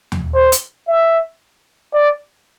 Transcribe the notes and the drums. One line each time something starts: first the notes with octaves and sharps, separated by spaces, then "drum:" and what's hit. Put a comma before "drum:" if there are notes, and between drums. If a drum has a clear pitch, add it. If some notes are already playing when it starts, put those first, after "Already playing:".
drum: tom
C5
drum: hi-hat
E5
D5